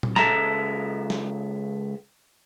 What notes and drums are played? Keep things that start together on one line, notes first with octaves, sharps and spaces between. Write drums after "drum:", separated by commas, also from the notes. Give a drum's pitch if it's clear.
drum: tom
C#2 A4 E5 A5 A#5, drum: snare
drum: snare